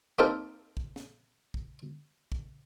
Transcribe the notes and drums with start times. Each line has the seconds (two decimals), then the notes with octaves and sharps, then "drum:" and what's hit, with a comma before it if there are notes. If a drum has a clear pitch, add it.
0.19 A#3 C4 D#4 A4 A#4 G5
0.77 drum: kick A#1
0.96 drum: snare
1.54 drum: kick A#1
2.32 drum: kick A#1